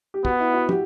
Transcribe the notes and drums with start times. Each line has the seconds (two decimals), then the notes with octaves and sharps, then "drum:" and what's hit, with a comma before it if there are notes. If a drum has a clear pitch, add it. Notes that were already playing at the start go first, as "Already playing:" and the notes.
0.14 G4
0.25 B3 F#4, drum: kick
0.40 E4
0.54 F#4
0.69 G4, drum: tom